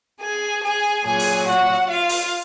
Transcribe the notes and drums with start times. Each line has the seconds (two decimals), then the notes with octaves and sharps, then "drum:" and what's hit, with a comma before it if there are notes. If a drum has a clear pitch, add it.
0.21 G#4 G#5
0.64 G#4 G#5
1.05 A#2 F#3 G#4 G#5
1.20 drum: open hi-hat
1.48 F#4 F#5
1.90 F4 F5
2.09 drum: open hi-hat